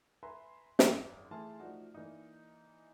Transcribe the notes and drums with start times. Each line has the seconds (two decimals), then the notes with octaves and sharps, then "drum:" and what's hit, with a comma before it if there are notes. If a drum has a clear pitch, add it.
0.23 B4 E5 G#5 A#5 C6
0.79 G#1 F#2, drum: snare
1.31 E3 A3 G#4 A5 C6 F6
1.60 F3 A3 D4 D#4 F#4
1.94 E3 A#3 D4 D#4